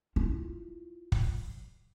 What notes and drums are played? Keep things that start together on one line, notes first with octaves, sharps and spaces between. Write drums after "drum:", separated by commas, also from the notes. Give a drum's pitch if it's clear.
E4 F4
drum: kick